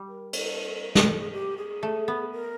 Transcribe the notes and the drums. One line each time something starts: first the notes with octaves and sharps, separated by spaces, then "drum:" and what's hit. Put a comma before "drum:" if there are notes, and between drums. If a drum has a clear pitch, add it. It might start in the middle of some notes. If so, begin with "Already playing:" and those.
Already playing: G3
A#4
A4, drum: cymbal
A#4
A4, drum: snare
A4
G#4
G4
G#4
A3
B3
A#4